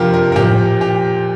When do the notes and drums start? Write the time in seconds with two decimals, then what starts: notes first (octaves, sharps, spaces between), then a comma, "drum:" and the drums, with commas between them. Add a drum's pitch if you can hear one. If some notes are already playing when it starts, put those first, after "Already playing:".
Already playing: F2 C3 F3 D4 F4 G4 A#4
0.14 A#4
0.32 A#4
0.36 A#2 F3 G4, drum: tom A2
0.81 G4